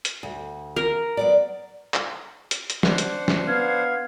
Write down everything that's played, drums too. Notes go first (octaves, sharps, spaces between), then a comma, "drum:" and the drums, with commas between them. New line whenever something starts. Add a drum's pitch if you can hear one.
drum: hi-hat
D2
A#4
F#3 B3 D5
drum: clap
drum: hi-hat
drum: hi-hat
D4 C5 F#5, drum: snare
drum: hi-hat
drum: snare
B3 F5 G#6